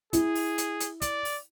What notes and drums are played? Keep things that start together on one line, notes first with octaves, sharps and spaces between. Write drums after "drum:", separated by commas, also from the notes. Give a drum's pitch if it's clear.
E4 G#4, drum: kick, hi-hat
drum: open hi-hat
drum: hi-hat
drum: hi-hat
D5, drum: kick, hi-hat
drum: open hi-hat